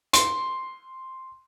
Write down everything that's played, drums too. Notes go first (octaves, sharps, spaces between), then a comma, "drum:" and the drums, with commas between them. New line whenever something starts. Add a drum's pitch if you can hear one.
C6, drum: hi-hat